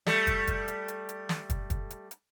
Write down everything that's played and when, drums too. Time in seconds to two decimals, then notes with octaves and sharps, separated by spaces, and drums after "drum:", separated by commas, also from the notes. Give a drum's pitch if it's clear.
0.07 G3 A3, drum: snare
0.27 drum: kick, hi-hat
0.47 drum: kick, hi-hat
0.68 drum: hi-hat
0.88 drum: hi-hat
1.09 drum: hi-hat
1.29 drum: snare
1.50 drum: kick, hi-hat
1.70 drum: kick, hi-hat
1.90 drum: hi-hat
2.11 drum: hi-hat